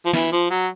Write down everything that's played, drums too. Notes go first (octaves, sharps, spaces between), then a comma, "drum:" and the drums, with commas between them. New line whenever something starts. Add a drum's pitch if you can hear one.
F3
E3, drum: snare
F3
F#3